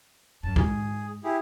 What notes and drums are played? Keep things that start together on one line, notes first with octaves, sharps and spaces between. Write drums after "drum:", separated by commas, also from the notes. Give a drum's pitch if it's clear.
F#2 A5
G#2 G#4, drum: kick B1
E4 G4 G#4